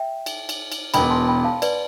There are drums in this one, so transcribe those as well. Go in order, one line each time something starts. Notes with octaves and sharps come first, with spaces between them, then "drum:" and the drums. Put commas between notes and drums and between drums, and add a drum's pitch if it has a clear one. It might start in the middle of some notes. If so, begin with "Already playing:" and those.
Already playing: E5 G5
drum: cymbal
drum: cymbal
drum: cymbal
E1 E2 B2 B3 G5 B5, drum: cymbal
A5 C6
G5 B5
F5 A5
B4 D5, drum: cymbal